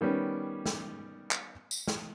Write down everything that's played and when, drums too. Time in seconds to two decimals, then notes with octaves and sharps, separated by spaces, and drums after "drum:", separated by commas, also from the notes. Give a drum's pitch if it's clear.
0.01 D#3 G3 B3 C#4
0.66 drum: snare
1.31 drum: clap
1.71 drum: tambourine
1.87 drum: snare